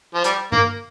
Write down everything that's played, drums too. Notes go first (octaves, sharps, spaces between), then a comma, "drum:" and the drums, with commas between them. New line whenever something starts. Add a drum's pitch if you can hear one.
F3
G3, drum: hi-hat
A#3, drum: tom G2